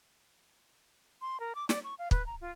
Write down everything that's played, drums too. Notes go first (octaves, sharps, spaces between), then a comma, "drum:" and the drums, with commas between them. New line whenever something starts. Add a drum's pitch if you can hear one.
C6
A#4
D6
D5, drum: snare
C#6
F5
B4, drum: kick
A#5
F4